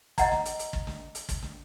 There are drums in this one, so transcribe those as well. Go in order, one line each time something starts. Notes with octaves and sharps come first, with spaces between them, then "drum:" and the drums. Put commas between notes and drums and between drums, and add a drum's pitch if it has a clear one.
D#5 F#5 A#5, drum: kick, hi-hat
drum: snare
drum: hi-hat
drum: hi-hat
drum: kick
drum: snare
drum: hi-hat
drum: kick, hi-hat
drum: snare